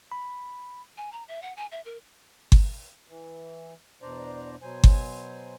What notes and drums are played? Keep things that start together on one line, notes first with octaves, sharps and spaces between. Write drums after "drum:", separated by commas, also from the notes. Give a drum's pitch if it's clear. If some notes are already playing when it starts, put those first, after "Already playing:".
B5
G#5
A#5
E5
F#5
G#5
E5
A#4
drum: kick G1
E3
E2 B2 D4 C5 D5 A#5
B2 F#3 C5 G#5
drum: kick G1